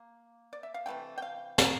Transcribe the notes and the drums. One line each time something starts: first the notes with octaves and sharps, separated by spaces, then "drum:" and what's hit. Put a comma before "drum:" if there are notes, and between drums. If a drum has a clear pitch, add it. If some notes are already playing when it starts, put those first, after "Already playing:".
Already playing: A#3
D5
E5
F5
C3 E3 A3 G5
G5
F5
A#4, drum: snare